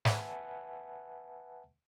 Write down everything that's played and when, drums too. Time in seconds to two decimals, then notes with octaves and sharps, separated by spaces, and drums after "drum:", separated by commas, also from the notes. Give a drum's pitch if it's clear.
0.05 B4 E5 F#5 G#5 A5, drum: snare